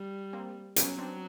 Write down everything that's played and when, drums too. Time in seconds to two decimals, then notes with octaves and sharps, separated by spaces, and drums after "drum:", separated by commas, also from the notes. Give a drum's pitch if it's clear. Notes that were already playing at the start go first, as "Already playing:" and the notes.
Already playing: G3
0.33 A#3 C4
0.76 F#3 B3 C#4, drum: hi-hat
0.98 C4 D4